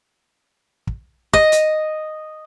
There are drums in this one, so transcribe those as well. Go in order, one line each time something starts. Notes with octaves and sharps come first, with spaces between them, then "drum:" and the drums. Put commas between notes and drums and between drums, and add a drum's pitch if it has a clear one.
drum: kick
D#5, drum: kick
drum: hi-hat